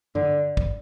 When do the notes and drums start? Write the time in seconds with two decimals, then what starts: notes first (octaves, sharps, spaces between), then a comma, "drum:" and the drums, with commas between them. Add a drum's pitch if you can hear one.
0.15 D3, drum: tom G2
0.57 drum: kick